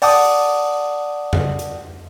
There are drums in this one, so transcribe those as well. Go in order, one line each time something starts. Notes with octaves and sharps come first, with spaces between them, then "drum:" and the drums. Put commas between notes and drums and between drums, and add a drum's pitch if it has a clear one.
D5 F#5 G5 A5 D6 D#6, drum: open hi-hat
drum: tom E2
drum: hi-hat